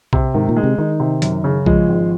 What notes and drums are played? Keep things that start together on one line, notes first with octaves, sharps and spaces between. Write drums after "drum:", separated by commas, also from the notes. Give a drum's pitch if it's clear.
C3, drum: kick B1
G#2 D#3
A#2
G#3
C3
D#3 D#4
C3
F#2, drum: hi-hat
C#3
F3 G#3, drum: kick B1
G#1